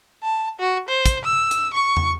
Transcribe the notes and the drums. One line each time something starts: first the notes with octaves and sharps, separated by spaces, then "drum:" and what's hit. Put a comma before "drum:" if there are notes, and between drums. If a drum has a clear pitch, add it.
A5
F#4
C5
drum: kick, hi-hat
E6
drum: hi-hat
C#6
drum: tom E2